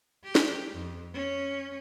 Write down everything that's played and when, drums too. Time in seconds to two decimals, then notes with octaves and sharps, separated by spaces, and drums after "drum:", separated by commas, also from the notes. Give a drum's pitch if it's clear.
0.24 G4
0.35 drum: snare
0.73 F2
1.13 C#4